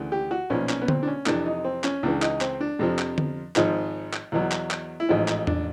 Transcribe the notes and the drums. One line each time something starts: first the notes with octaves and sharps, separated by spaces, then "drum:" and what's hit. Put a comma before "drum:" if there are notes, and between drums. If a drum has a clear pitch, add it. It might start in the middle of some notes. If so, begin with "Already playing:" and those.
Already playing: D2 C#3 E3
G4
F#4
B1 A#2 F3 C#4
C#4, drum: clap
B3
C4, drum: tom D3
D4
C#4
F2 C3 E3 D4, drum: clap
D#4
C4
C#4, drum: clap
C#2 C#3 E3 D4
D#4, drum: clap
C4, drum: clap
D4
F2 C3 F3
drum: clap
drum: tom D3
G#1 G#2 F3 D#4, drum: clap
drum: clap
E2 B2 F#3
drum: clap
drum: clap
E4
A1 G#2 F3 D#4
D#4, drum: clap
D4, drum: tom E2